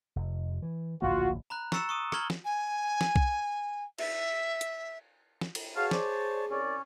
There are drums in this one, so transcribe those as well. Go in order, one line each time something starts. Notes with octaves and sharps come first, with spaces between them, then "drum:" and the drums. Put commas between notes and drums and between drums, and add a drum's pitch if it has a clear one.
F1
E3
D1 A#1 A#3 F4 F#4
A#5 B5 F#6
A#5 C#6 E6 A6 C#7 E7, drum: snare
C#6 D#6 D#7
A#5 C#6 F6 G#6 F#7 G7, drum: rim click
drum: snare
G#5
drum: snare
drum: kick B1
E5, drum: cymbal
drum: hi-hat
drum: snare
drum: cymbal
F#4 G#4 B4 C#5 F5 A5
C5 D5, drum: snare
C2 C#4 C#5 D5